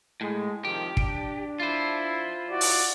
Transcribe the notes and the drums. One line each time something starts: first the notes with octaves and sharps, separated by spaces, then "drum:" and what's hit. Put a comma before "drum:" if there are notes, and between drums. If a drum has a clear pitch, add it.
A2 G#3
C2 D#3 F3 G4
D4, drum: kick
E4 F4 C5
E4 F#4 D5
drum: open hi-hat